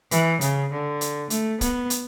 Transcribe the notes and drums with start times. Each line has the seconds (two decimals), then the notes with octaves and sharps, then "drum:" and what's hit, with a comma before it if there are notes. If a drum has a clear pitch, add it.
0.11 E3, drum: hi-hat
0.41 C#3, drum: hi-hat
0.72 D3
1.01 drum: hi-hat
1.30 A3, drum: hi-hat
1.61 B3, drum: kick, hi-hat
1.90 drum: hi-hat